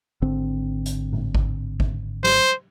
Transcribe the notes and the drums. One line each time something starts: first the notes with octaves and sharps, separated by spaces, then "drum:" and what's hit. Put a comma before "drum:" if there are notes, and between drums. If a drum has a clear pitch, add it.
G#1 D3 C4
drum: hi-hat
drum: tom A2
drum: kick G#1
drum: kick G#1
C5, drum: snare